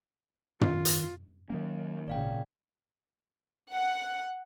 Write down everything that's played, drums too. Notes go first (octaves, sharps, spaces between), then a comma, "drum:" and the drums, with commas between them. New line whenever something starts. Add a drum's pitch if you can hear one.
D#3 F4, drum: tom
drum: hi-hat
D#3 F#3 A#3 C#4
G#1 A#2 C#3 D5 F5 G5
F#5